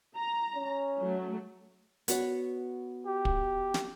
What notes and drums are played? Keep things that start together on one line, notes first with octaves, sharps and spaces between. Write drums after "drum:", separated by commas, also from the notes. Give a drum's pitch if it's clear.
A#5
C#4
F#3 A3
B3 F#4 C#5, drum: hi-hat
G4
drum: kick
drum: snare